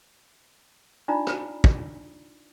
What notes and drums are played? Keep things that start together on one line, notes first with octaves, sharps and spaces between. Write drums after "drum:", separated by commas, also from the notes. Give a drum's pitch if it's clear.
D4 D#4 F4 D5 A#5 B5
drum: rim click
drum: kick